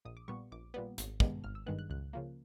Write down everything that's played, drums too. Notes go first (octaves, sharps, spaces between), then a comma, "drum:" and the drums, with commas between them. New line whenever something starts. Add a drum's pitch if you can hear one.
A#1 D#6
D6
A#2 G3 B3 C#6
A#1 D6
A#2 G3 B3
G#1, drum: hi-hat
G2 D#3 G#3 B3, drum: kick
G#1 F6
E6
G2 D#3 G#3 B3 F#6
F#6
C#2 F#6
C#3 F3 A#3